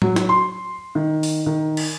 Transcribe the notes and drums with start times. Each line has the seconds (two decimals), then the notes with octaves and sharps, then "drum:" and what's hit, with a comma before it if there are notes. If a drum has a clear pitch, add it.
0.02 F#3, drum: tom A2
0.16 drum: snare
0.29 C6
0.95 D#3
1.23 drum: open hi-hat
1.46 D#3
1.77 drum: cymbal